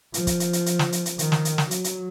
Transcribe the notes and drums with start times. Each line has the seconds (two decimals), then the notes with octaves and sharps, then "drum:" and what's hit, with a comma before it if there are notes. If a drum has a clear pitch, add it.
0.14 F3, drum: hi-hat
0.27 drum: kick, hi-hat
0.40 drum: hi-hat
0.53 drum: hi-hat
0.66 drum: hi-hat
0.79 drum: snare
0.92 drum: hi-hat
1.06 drum: hi-hat
1.19 D#3, drum: hi-hat
1.32 drum: snare
1.45 drum: hi-hat
1.58 drum: snare
1.71 F#3, drum: hi-hat
1.84 drum: hi-hat